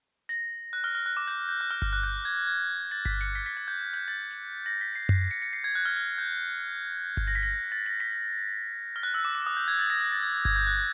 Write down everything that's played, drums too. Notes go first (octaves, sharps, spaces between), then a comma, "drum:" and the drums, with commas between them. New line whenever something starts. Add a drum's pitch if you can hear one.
A#6, drum: hi-hat
F#6
F6
F6
F#6
D6
G6, drum: hi-hat
G6
F#6
F6
F6, drum: kick G1
F#6
G6, drum: open hi-hat
G#6
G#6
A6
B6, drum: kick G1
C#7, drum: hi-hat
B6
B6
A6
G6
G6, drum: hi-hat
A6
drum: hi-hat
A#6
B6
C7
C7, drum: tom F#2
C#7
C#7
C7
G#6
F#6
F6
F6
G6
drum: kick G1
A#6
B6
A#6
A6
A#6
B6
F6
F#6
E6
D6
D6
D#6
G6
G#6
A6
A#6
A#6
A6
G#6
G#6
G#6, drum: kick G1
G6
F#6
F#6